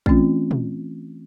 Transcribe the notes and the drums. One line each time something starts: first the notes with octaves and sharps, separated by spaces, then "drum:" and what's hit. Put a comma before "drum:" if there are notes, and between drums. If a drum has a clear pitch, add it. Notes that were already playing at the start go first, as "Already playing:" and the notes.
E3 A3 C4 C#4 F4, drum: kick
drum: tom A#2